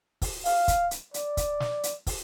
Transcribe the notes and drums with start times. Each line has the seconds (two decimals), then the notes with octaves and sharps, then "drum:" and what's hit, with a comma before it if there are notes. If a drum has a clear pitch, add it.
0.22 drum: kick, open hi-hat
0.45 F5, drum: open hi-hat
0.68 drum: kick, hi-hat
0.91 drum: hi-hat
1.14 D5, drum: hi-hat
1.37 drum: kick, hi-hat
1.60 drum: snare
1.83 drum: hi-hat
2.07 drum: kick, open hi-hat